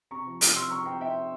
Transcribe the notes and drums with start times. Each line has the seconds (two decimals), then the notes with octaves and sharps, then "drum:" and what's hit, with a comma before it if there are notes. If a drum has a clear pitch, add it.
0.11 C3 A#5 C#6
0.26 F3
0.41 C3, drum: hi-hat
0.48 F6
0.56 C3 C6 E6
0.70 C3 A#5 C#6
0.86 C4 G5 A#5
1.01 C4 E5 G5
1.16 C4